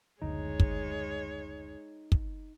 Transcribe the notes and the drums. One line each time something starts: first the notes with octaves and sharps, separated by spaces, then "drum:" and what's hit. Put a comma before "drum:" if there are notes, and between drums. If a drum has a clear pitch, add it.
F#1 D2 G#3 D#4 C#5
drum: kick
drum: kick